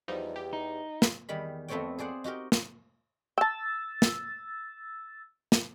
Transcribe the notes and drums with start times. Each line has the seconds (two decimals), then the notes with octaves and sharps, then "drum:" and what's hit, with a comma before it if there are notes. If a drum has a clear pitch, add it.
0.08 E2 F3 G3 D#4
0.36 G4
0.53 D#4
1.02 drum: snare
1.29 E2 D#3 G3 B5
1.68 F2 A3 B3 C4 C#5 G5
1.99 G#4 C5 D5 F#5
2.24 D#4 F#4 G4 A#4
2.52 drum: snare
3.38 G5 A5 E6 A6
4.02 drum: snare
5.52 drum: snare